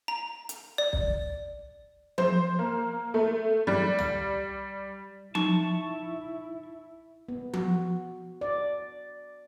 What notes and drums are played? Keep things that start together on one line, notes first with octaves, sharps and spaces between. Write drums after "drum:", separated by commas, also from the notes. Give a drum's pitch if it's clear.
A#5
drum: hi-hat
D5
drum: kick
C5, drum: tom F3
A#3
A3
G3
drum: tom
D#4 E4 A5 C#6, drum: tom F3
B3
F#4, drum: tom F3
D5